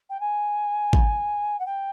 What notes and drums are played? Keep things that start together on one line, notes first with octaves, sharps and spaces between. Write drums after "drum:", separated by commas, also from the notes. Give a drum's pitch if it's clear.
G5
G#5
drum: kick
F#5
G5